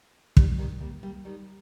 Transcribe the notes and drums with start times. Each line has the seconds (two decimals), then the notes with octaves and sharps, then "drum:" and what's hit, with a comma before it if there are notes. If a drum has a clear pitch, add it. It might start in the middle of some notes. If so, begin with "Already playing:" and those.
0.37 D#3 G3, drum: kick
0.58 D#3 G3
0.80 G3 A#3
1.03 G3 A#3
1.25 D#3 G3